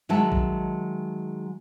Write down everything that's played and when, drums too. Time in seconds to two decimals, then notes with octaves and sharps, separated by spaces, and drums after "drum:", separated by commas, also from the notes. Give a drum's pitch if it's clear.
0.09 D#3 F#3 G#3 E5 A5
0.32 drum: kick A1